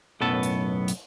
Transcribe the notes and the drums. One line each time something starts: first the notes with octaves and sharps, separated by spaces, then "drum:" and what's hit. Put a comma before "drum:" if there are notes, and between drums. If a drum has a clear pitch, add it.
B1 F#2 A2 B3 A4
drum: hi-hat
drum: hi-hat